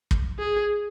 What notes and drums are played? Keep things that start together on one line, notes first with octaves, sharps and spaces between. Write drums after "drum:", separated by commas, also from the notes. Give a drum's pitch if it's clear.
drum: kick
G#4